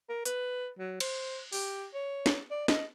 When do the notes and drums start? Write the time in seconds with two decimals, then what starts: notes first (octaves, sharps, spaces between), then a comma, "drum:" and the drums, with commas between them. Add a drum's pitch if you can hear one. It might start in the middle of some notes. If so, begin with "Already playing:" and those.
0.09 A#4
0.25 B4, drum: hi-hat
0.79 F#3
1.00 C5, drum: cymbal
1.53 G4, drum: open hi-hat
1.94 C#5
2.26 drum: snare
2.51 D5
2.68 D#5, drum: snare